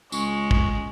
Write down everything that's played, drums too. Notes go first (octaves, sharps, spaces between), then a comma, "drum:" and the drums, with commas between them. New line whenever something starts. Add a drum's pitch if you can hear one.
C#2 G#3 C#6, drum: tambourine
drum: kick